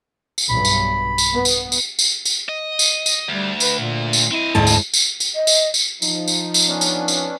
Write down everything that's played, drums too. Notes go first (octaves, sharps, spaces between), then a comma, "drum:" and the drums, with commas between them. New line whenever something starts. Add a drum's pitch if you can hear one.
drum: tambourine
B1 G2 B5
drum: tambourine
drum: tambourine
B3
drum: tambourine
drum: tambourine
drum: tambourine
drum: tambourine
D#5
drum: tambourine
drum: tambourine
D2 G3
B4, drum: tambourine
A#2
drum: tambourine
C4 E4 D#5
D2 G#2 A5
drum: tambourine
drum: tambourine
drum: tambourine
D#5
drum: tambourine
drum: tambourine
F3 D#4, drum: tambourine
drum: tambourine
drum: tambourine
B3 C#4 D4
drum: tambourine
drum: tambourine